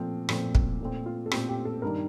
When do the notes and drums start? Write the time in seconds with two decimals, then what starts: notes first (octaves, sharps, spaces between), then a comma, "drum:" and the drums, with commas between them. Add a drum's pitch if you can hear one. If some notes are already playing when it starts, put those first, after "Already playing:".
Already playing: A#2 F3 A3 C4
0.29 A#2 F3 A3 C4, drum: rim click
0.55 drum: kick
0.81 A#2 A3 C4
1.06 F4
1.26 A4
1.31 A#2 A3 C4 G4, drum: rim click
1.49 G4
1.65 A4
1.82 G2 D#3 G3 A#4